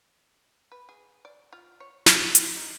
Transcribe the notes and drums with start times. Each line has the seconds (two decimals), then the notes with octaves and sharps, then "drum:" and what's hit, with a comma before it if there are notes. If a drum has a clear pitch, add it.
0.72 B4
0.89 G#4
1.25 D5
1.53 F4
1.80 C#5
2.06 G#4, drum: snare
2.35 G3, drum: hi-hat
2.57 D#4